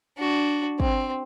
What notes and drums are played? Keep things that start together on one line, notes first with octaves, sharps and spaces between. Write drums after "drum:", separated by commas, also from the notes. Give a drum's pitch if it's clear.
D4 F#4
C4, drum: kick